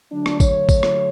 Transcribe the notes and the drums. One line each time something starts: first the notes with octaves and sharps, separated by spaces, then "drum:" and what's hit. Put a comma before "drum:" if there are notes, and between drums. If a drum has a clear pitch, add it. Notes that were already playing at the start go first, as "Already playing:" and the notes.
D3 F#3 A3 D4
drum: rim click
C#5, drum: kick, tambourine
drum: kick, tambourine
drum: rim click